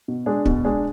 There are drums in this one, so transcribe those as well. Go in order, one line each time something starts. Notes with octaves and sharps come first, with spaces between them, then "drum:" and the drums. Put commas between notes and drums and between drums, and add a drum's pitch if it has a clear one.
B2
G#3 D4 G#4
B2, drum: kick
G#3 D4 G#4